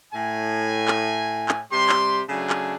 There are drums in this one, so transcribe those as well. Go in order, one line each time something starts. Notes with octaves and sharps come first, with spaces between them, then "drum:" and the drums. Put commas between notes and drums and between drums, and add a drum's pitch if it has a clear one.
A2 G#5
drum: clap
drum: clap
C3 G3 G4 C6
drum: clap
C#3 F#3 A3 D4 G#5
drum: clap